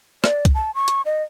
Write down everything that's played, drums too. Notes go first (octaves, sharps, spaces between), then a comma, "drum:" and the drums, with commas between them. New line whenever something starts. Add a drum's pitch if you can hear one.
D5, drum: rim click
drum: kick, hi-hat
A5
C#6
drum: hi-hat
D#5